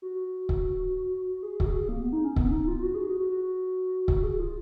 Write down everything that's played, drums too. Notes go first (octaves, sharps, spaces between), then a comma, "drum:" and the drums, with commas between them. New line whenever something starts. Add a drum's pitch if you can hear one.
F#4
drum: kick C#1
G#4
F#4, drum: kick C#1
G#4
A#3
B3
D#4
C#4
B3, drum: kick C#1
D#4
D#4
F4
F4
F#4
G#4
F#4
F#4
F#4
drum: kick C#1
G#4
F4